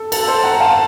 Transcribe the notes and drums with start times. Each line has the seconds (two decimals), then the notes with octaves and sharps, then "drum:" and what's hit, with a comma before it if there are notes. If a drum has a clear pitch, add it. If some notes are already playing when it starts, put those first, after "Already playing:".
Already playing: A4
0.12 A4, drum: cymbal
0.28 A4 C5
0.44 F#5 A#5
0.60 F5 A5